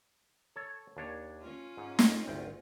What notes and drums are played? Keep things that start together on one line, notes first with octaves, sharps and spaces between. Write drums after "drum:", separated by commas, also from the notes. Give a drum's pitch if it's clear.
A4 C#5
D#2 D4 C#5
C#4 F4
G#2
drum: snare
G#1 D2 G5